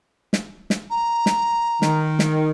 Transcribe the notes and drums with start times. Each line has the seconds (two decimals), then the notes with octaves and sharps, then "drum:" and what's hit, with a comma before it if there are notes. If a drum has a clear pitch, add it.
0.33 drum: snare
0.70 drum: snare
0.90 A#5
1.26 drum: snare
1.82 D#3, drum: snare
2.19 drum: snare